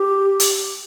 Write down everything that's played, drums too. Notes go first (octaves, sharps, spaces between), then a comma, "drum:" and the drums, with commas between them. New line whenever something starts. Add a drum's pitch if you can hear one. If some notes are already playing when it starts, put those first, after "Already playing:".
Already playing: G4
drum: hi-hat